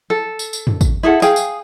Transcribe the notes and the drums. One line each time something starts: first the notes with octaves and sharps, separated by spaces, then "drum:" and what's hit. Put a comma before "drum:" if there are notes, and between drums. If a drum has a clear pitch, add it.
A4
drum: tambourine
drum: tambourine
drum: tom
drum: kick, tambourine
E4 G#4 A4 F#5
G#4 F5 G5 G#5, drum: tambourine
drum: tambourine